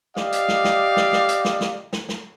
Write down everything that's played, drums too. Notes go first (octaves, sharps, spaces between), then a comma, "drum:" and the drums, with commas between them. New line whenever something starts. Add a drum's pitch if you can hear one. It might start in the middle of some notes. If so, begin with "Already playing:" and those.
G4 D5 D#5 F5, drum: snare
drum: hi-hat
drum: snare
drum: snare
drum: snare
drum: snare
drum: hi-hat
drum: snare
drum: snare
drum: snare
drum: snare